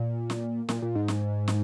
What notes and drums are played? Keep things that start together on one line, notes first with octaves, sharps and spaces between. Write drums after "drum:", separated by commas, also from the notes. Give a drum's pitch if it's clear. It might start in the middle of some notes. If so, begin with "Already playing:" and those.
Already playing: A#2
drum: snare
A#2, drum: snare
A#2
G#2
drum: snare
drum: snare